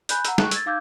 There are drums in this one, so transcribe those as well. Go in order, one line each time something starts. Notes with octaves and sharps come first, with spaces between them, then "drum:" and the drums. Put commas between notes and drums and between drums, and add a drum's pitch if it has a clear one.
G#5 B5 F#6 G6, drum: hi-hat
F#5 A#5 E6, drum: hi-hat
C#6 F#6, drum: snare
E6 G#6 A6, drum: hi-hat
D#4 F5 D6 E6 G6 G#6